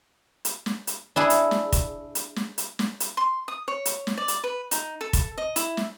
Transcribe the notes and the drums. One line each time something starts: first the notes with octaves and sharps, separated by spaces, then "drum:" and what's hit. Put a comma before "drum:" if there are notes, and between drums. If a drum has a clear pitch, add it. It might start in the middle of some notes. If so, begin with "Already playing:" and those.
drum: hi-hat
drum: snare
drum: hi-hat
D4 E4 G#4
drum: hi-hat
drum: snare
drum: kick, hi-hat
drum: hi-hat
drum: snare
drum: hi-hat
drum: snare
drum: hi-hat
C6
D#6
C#5
drum: hi-hat
drum: snare
D5
drum: hi-hat
B4
D#4, drum: hi-hat
A4
drum: kick, hi-hat
D#5
E4, drum: hi-hat
drum: snare